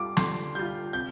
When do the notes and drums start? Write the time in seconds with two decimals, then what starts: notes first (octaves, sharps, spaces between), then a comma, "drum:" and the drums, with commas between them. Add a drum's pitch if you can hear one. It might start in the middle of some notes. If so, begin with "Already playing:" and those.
Already playing: G3 F4 D6
0.17 D3 C6, drum: snare
0.55 G3 F4 G6
0.93 C3 G6